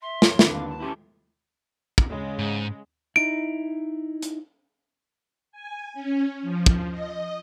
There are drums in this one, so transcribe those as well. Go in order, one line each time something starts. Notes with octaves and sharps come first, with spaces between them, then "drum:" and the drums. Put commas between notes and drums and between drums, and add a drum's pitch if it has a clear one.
E5 C6
F4 C#5, drum: snare
D#2 D3 C4 B4, drum: snare
F5
A5
C#4 E4 G4 A4
drum: kick
C#3 G#3
G#2
D#4 E4 D7
drum: hi-hat
G#5
C#4
F3
drum: kick
D#5